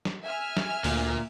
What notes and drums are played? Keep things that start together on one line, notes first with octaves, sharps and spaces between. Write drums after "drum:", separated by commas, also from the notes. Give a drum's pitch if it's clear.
drum: snare
E5 G#5 F6
drum: snare
D2 A#2, drum: open hi-hat